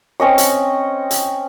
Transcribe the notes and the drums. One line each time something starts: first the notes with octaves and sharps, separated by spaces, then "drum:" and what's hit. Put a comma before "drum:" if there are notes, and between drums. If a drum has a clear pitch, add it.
C4 C#4 D#5 C#6
drum: hi-hat
drum: hi-hat